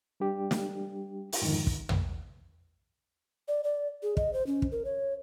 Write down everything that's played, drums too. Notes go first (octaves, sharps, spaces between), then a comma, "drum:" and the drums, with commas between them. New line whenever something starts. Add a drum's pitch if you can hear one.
G3 D4 G4
drum: snare
drum: open hi-hat
F2 G#2 D3 D#3 F3
drum: kick
drum: tom
D5
D5
G#4
D#5, drum: kick
C5
C#4
drum: kick
A#4
C#5